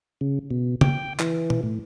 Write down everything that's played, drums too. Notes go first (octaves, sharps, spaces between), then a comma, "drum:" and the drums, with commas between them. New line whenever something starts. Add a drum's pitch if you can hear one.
C#3
B2
G5, drum: tom C#3
E3, drum: clap
drum: tom
A2